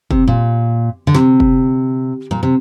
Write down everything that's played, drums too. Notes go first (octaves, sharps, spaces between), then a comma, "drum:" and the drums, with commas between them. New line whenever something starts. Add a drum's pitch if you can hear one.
C3, drum: kick F1
A#2
D3
C3, drum: snare
drum: kick F1
A#2, drum: tom F#3
C3